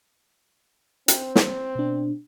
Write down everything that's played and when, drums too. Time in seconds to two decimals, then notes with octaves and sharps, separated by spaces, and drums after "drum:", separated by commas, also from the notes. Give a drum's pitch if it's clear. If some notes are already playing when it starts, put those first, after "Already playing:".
1.08 C4 G5, drum: hi-hat
1.36 drum: snare
1.75 B2 D4